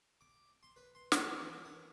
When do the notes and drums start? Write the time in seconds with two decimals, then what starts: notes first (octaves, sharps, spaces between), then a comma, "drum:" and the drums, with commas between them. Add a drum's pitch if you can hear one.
0.21 D6
0.63 C6
0.76 B4
0.95 C6
1.12 C#4, drum: snare
1.41 E3
1.64 A#4